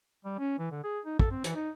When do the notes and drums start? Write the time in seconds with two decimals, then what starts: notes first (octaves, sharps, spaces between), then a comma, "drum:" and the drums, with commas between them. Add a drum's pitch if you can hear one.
0.25 G3
0.39 C#4
0.59 E3
0.71 D3
0.84 G#4
1.05 D#4
1.19 A4, drum: kick
1.31 C4
1.44 E3, drum: hi-hat
1.56 D#4